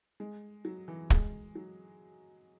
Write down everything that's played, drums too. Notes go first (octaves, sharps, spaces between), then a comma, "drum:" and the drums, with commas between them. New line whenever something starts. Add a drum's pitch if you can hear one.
G#3
F#3
E3
G#3, drum: kick
F#3